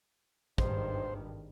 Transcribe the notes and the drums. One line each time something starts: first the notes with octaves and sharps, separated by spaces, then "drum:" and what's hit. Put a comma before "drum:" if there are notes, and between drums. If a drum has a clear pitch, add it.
G#1 G2 D#3 C5, drum: kick